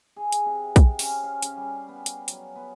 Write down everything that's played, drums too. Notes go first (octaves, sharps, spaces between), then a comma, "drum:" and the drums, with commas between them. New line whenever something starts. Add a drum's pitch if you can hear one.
G#4
drum: hi-hat
C3
drum: kick, hi-hat
C#4, drum: open hi-hat
F5
C#3, drum: hi-hat
G3
B3
drum: hi-hat
F#3, drum: hi-hat
B3